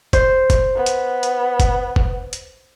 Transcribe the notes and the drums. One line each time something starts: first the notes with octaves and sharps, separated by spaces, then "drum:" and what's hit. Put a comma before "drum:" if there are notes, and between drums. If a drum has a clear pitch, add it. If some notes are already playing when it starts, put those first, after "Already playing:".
C5, drum: kick, hi-hat
drum: kick, hi-hat
B3
drum: hi-hat
drum: hi-hat
drum: kick, hi-hat
drum: kick
drum: hi-hat